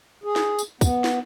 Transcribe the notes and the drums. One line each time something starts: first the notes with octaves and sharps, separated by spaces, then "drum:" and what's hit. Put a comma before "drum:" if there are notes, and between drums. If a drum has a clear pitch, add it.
G#4
drum: snare
drum: tambourine
B3, drum: kick, tambourine
drum: snare